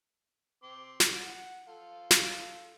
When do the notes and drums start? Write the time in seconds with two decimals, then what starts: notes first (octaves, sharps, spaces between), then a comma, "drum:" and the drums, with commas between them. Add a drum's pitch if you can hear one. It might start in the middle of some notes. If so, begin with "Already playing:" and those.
0.63 C4 C6 D6
1.00 drum: snare
1.15 F#5
1.68 F4 A4 F5
2.11 drum: snare